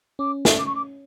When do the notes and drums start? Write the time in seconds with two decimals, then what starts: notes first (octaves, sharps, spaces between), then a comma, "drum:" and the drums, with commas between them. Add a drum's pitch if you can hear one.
0.19 C#4 D6
0.45 drum: snare
0.58 D6
0.66 C#6
0.75 D6